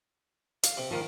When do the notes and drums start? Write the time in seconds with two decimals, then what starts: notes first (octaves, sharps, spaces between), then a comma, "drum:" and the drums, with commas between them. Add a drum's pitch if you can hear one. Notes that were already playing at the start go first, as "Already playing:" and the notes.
0.63 F5, drum: hi-hat
0.77 C3
0.91 D#3 F3 A#3 F4